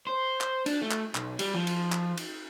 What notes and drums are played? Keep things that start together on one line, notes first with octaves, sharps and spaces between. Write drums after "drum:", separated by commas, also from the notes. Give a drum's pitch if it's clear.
C5
drum: clap
D4, drum: cymbal
A3
drum: clap
B1, drum: clap
G3, drum: cymbal
F3
drum: cymbal
drum: clap
drum: cymbal